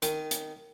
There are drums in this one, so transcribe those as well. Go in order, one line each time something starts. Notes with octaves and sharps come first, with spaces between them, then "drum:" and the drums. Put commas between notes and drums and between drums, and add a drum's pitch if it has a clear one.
D#3, drum: hi-hat
drum: hi-hat